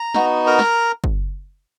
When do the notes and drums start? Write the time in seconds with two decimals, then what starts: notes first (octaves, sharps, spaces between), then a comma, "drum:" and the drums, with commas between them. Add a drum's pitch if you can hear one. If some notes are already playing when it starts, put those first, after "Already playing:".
Already playing: A#5
0.14 B3 D#4 F#4, drum: snare
0.46 A#4 A#5
0.59 drum: snare
1.04 drum: kick